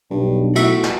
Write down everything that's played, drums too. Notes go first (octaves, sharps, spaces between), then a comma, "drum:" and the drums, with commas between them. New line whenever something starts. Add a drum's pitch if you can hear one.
B1 G2
A2 F#4 E5, drum: cymbal
drum: snare